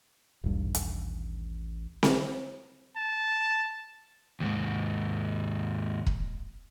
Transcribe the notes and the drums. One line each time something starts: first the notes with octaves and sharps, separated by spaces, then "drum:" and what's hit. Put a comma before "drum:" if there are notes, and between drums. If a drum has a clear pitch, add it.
D#1 A1 G2
drum: hi-hat
drum: snare C4
A5
D#2 G#2
drum: kick